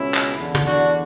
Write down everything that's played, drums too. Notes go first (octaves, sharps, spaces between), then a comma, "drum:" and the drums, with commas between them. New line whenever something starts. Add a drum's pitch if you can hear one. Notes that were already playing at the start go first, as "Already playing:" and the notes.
Already playing: C#2 B2 C#4 E4
drum: clap
E2 D3
drum: tom
D4 F#4